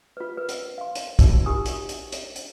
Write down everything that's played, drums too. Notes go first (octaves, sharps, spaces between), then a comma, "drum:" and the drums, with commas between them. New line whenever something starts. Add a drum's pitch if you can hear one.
F4 B4
A#4 B4
drum: hi-hat
F5 C6
drum: hi-hat
D#4 F#4 A#4, drum: kick, hi-hat
D#4 F4 G4 A#4 G#5 D#6
drum: hi-hat
drum: hi-hat
drum: hi-hat
drum: hi-hat